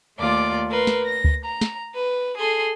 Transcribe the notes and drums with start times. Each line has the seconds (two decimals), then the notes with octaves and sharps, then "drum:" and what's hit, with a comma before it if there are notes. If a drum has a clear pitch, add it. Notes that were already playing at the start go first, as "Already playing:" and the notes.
0.19 D#2 A3 F4 D5 D6
0.69 A#4 B4 C6
0.87 drum: snare
1.04 A#6
1.24 drum: kick D2
1.45 A#5
1.61 drum: snare
1.95 B4
2.38 G#4 A4 C6